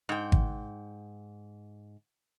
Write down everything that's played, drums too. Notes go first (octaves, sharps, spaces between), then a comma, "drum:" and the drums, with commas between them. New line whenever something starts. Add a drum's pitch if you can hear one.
G#2 G5
drum: kick G#1